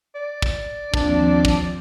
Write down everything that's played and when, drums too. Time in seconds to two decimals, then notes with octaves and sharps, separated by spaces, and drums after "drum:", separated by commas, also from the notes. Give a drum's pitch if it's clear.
0.15 D5
0.42 drum: kick
0.94 D#2 F3 C4 D4, drum: kick
1.45 drum: kick